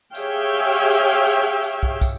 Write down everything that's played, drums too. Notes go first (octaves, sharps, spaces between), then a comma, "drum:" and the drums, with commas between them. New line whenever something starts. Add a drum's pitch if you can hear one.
G4 G#4 C#5 E5 F5 G5, drum: tambourine
drum: tambourine
drum: tambourine
drum: kick
drum: kick, tambourine